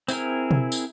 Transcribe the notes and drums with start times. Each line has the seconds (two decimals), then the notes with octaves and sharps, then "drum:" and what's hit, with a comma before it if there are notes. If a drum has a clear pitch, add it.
0.08 C4 E4 G#4 A#4, drum: tambourine
0.51 drum: tom B2
0.72 drum: tambourine